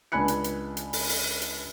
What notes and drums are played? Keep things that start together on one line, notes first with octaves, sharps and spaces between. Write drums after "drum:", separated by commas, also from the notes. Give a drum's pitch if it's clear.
C#2 D4 G#5 B5 F#6 C#7
drum: hi-hat
drum: hi-hat
drum: hi-hat
drum: open hi-hat
drum: open hi-hat
drum: hi-hat